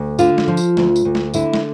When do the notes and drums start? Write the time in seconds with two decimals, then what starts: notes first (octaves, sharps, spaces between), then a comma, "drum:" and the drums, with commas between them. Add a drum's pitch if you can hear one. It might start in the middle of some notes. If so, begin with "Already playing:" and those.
Already playing: D2
0.19 D3 F4, drum: tambourine
0.38 drum: snare
0.48 F3
0.57 drum: tambourine
0.77 D2, drum: snare
0.96 drum: tambourine
1.05 D2
1.15 drum: snare
1.34 D3 E4, drum: tambourine
1.53 drum: snare